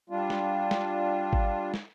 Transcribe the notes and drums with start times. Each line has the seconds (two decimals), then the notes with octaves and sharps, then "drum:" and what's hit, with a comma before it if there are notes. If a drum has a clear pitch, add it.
0.10 G3 D4 F4
0.30 drum: snare
0.71 drum: snare
1.33 drum: kick G#1
1.74 drum: snare